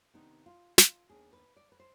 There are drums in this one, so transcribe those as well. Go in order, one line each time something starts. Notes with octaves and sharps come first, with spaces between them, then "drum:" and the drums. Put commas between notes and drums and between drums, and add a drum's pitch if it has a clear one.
C3 D#3 B3 D4 D#4
F4
F4, drum: snare
D#2 D#3 B3 D4 G#4
B4
D5
B4
C5